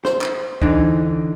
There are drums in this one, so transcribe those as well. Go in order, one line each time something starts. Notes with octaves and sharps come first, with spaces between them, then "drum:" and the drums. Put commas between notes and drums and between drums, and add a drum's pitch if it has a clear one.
C5, drum: snare
drum: clap
D3 E3 D4 D#4, drum: kick